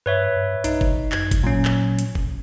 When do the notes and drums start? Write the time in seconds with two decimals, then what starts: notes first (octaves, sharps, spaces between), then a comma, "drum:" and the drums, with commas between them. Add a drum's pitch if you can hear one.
0.06 G2 B4 C#5 E5
0.36 G2
0.64 B1 D#4, drum: hi-hat
0.81 drum: kick F#1
1.12 F#2 G#6, drum: clap
1.31 drum: kick F#1, hi-hat
1.44 A#2 F#3 C#4
1.65 drum: clap
1.99 drum: hi-hat
2.15 drum: kick F#1